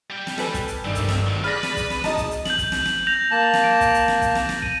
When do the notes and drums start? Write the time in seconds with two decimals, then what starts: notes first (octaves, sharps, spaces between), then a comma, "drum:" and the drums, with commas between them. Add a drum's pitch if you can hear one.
0.10 G3 G5
0.27 drum: snare
0.38 A4 B4 G#5, drum: snare
0.54 drum: kick, hi-hat
0.68 drum: hi-hat
0.85 G2 D#3 A3 C4 D5
0.95 drum: kick, hi-hat
1.09 drum: snare
1.27 A2 F#3
1.44 G#4 B4 D5 B5 F6 A6 A#6
1.63 drum: snare
1.77 drum: kick, hi-hat
1.90 drum: snare
2.04 D#4 D#5 A5 A#5 D#6, drum: snare
2.17 drum: kick, hi-hat
2.31 drum: hi-hat
2.45 G6 F#7, drum: snare
2.58 drum: kick, hi-hat
2.72 drum: snare
2.86 drum: snare
3.07 G6 A#6 F7
3.31 A#3 A5
3.54 drum: snare
3.64 D7
3.81 drum: kick, hi-hat
3.94 drum: hi-hat
4.08 drum: snare
4.22 drum: kick, hi-hat
4.35 drum: snare
4.49 drum: snare
4.62 D#7, drum: kick